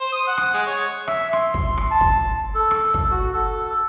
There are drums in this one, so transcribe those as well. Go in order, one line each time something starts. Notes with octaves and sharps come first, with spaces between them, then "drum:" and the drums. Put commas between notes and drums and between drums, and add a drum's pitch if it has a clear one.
C5
D#6
F#5
drum: rim click
G#3
C#5
E5, drum: rim click
C6, drum: rim click
drum: kick
drum: rim click
A5
drum: kick
A4
drum: rim click
drum: kick
F#4
A4